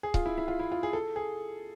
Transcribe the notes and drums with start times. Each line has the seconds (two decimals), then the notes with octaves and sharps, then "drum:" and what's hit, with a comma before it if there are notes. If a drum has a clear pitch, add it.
0.03 G#4
0.14 F4, drum: kick C#1
0.26 E4
0.38 E4
0.48 F4
0.60 E4
0.72 F4
0.83 G#4
0.93 A4
1.16 G#4